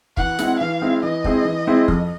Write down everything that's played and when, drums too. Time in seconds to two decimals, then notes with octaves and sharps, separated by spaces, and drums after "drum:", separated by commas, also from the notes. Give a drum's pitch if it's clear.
0.17 E3 F#5, drum: kick
0.39 G#3 C4 E4 G#4, drum: snare
0.60 E3 F5
0.82 G#3 C4 E4 G#4
1.03 E3 D#5
1.24 G#3 C4 E4 G#4, drum: kick
1.45 E3
1.67 G#3 C4 E4 G#4
1.88 F2, drum: kick